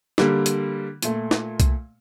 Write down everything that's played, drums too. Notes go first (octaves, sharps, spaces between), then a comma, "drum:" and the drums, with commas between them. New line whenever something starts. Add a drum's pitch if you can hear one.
D3 G3 A#3, drum: snare
drum: hi-hat
A#2 A3, drum: hi-hat
drum: snare
drum: kick C2, hi-hat